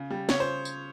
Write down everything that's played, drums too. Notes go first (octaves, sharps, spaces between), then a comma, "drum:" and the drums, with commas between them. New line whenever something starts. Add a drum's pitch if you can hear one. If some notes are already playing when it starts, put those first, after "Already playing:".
Already playing: C#3
G3
C#3 C#5, drum: snare
C5
drum: tambourine